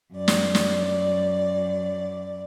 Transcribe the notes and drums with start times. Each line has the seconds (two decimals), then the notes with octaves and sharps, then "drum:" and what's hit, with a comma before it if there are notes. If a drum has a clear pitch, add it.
0.12 F#2 D5
0.28 drum: snare
0.55 drum: snare